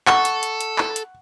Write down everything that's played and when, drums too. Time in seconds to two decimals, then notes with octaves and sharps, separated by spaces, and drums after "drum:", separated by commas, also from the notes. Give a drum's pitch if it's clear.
0.07 A4 F#5 C#6, drum: clap
0.25 drum: hi-hat
0.43 drum: hi-hat
0.61 drum: hi-hat
0.78 drum: clap
0.96 drum: hi-hat